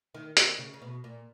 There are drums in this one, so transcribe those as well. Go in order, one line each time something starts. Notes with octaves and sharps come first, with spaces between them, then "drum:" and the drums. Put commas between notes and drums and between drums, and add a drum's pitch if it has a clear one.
D#3
D#3, drum: hi-hat
C#3
C#3
B2
A#2